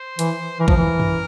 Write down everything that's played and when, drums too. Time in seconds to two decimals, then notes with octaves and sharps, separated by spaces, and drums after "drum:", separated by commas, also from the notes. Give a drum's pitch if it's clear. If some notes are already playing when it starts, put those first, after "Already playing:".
Already playing: C5
0.19 E3, drum: hi-hat
0.60 E3 A#4
0.68 F3, drum: kick
0.77 E3
1.00 drum: tom F#2